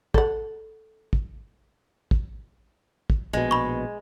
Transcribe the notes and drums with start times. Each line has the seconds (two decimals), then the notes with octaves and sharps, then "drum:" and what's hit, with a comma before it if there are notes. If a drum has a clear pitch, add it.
0.14 A4 F#5, drum: kick
1.13 drum: kick
2.11 drum: kick
3.10 drum: kick
3.33 A#1 B2 G#3
3.51 B5 C#6